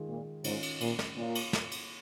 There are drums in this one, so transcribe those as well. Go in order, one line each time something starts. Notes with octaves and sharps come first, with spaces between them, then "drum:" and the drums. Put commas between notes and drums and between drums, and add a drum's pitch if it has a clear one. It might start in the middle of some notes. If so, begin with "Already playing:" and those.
Already playing: D#3 G#3 F4 G#4
A#2
G#2 D#3 C#4 F4 C#5, drum: cymbal
drum: cymbal
A#2, drum: cymbal
drum: snare
A#2 A#3 F4 C#5 F5
drum: cymbal
drum: snare
drum: cymbal